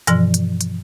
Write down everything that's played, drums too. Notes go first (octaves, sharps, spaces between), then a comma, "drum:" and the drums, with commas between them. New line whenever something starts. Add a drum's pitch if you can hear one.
G2 B2 E3 F3, drum: hi-hat
drum: hi-hat
drum: hi-hat